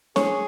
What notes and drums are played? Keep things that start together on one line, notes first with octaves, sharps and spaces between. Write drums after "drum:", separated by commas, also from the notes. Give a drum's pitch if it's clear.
G#4 C#5, drum: snare